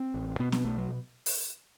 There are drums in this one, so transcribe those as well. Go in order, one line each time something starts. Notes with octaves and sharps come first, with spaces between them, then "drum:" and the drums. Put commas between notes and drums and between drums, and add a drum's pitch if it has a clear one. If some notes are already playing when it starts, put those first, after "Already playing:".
Already playing: C4
A1
B2 B3
B3, drum: snare C4
B1 A3
F#3
drum: open hi-hat